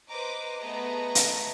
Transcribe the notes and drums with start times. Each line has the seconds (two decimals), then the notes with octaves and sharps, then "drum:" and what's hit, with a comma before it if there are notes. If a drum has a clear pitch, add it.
0.12 B4 C5 D#5 A#5 D6
0.61 A3 B3 G#4 D#5 A#5
1.15 drum: hi-hat